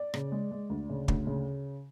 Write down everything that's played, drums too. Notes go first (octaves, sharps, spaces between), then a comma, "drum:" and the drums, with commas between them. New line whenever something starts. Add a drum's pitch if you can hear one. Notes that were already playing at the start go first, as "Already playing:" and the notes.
Already playing: D5
C#3, drum: rim click
G#3
G#3
D2
C#3
D2, drum: kick
C#3